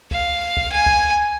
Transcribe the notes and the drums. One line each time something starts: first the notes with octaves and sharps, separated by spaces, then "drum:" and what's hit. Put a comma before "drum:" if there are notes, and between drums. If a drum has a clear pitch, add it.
F5, drum: kick
drum: kick
G#5
drum: kick